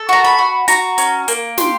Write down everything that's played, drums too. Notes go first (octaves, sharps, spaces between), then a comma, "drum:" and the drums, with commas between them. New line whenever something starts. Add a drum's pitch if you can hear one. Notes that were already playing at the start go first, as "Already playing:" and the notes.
Already playing: A4
F#4 A#5
B5
F#4
F#4 A#5, drum: hi-hat
C#4, drum: hi-hat
A#3, drum: hi-hat
G4 C6, drum: snare